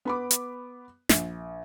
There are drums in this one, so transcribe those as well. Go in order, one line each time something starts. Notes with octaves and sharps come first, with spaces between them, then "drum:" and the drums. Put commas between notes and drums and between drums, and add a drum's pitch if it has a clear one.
B3 B5 D6
drum: hi-hat
A#1, drum: snare